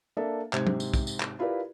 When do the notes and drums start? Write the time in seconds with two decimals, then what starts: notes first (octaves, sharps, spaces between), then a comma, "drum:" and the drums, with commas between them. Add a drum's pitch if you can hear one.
0.17 A#3 D4 A4 E5
0.53 G#2 C3 G4 C5 G#6, drum: clap
0.67 drum: tom
0.80 drum: tambourine
0.94 drum: kick, tambourine
1.07 drum: tambourine
1.20 drum: clap
1.39 E4 F4 G4 A#4 B4 D5